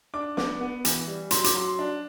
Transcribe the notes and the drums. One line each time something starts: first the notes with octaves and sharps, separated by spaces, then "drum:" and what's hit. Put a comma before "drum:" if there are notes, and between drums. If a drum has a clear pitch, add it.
D4 D6
B3 D6, drum: snare
B3
E3, drum: hi-hat
G3
F#3 C6, drum: hi-hat
D6, drum: hi-hat
F#3 C6
D4